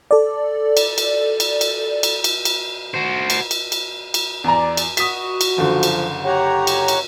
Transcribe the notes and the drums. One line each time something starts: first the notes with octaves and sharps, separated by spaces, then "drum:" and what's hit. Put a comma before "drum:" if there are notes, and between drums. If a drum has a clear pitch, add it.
A4 D5
drum: cymbal
drum: cymbal
drum: cymbal
drum: cymbal
drum: cymbal
drum: cymbal
drum: cymbal
F#4 C5
drum: cymbal
drum: cymbal
drum: cymbal
drum: cymbal
E2 D5 A#5
drum: cymbal
F#4 D#6 B6, drum: cymbal
drum: cymbal
F#1 D3 F3
drum: cymbal
G4 C#5 F#5 A#5
drum: cymbal
drum: cymbal